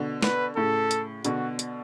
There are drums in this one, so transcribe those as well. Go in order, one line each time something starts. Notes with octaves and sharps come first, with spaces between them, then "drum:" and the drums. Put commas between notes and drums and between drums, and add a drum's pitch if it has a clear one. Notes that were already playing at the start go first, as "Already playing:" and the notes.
Already playing: B2 D3
B4, drum: snare
A2 C#3 A4
drum: hi-hat
B2 D3 F#4, drum: hi-hat
drum: hi-hat